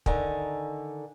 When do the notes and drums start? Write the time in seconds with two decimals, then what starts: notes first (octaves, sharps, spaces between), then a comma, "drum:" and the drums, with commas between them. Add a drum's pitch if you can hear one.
0.06 D3 D#3 G#5, drum: kick